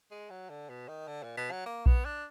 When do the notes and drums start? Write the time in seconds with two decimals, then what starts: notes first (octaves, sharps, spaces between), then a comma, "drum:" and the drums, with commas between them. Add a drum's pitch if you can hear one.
0.11 G#3
0.30 F#3
0.49 D3
0.69 B2
0.88 D#3
1.08 D3
1.23 A#2
1.37 B2
1.52 F#3
1.66 A#3
1.86 B3, drum: kick A#1
2.05 D4